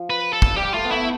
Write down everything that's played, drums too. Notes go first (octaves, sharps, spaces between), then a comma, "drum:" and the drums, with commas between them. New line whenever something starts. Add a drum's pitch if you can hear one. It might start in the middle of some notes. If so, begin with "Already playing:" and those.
Already playing: F3
B4
A4
drum: kick
G3 G4
A3 F4
B3
A3 E4